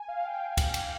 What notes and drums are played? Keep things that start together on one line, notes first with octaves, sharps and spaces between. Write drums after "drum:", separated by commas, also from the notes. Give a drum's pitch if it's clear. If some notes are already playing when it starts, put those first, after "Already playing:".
Already playing: G#5
F5
G5
G#5
drum: kick, cymbal
drum: cymbal